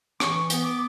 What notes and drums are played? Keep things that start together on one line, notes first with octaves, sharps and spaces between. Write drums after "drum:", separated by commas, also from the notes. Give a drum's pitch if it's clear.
E3 C#6, drum: rim click
B3, drum: hi-hat
D6